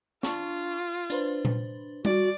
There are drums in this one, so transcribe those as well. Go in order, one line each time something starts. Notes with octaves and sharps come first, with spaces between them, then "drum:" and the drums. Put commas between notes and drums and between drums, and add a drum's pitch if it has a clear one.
D4 F4 A5 C#6, drum: snare
D4 B4 C5, drum: hi-hat
drum: tom A#2
F#4 D5, drum: tom G3